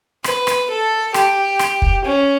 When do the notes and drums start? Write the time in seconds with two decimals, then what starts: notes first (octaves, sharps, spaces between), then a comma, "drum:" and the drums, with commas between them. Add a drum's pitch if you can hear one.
0.24 B4, drum: rim click
0.47 drum: rim click
0.70 A4
1.14 G4, drum: rim click
1.59 drum: rim click
1.82 drum: kick
2.04 C#4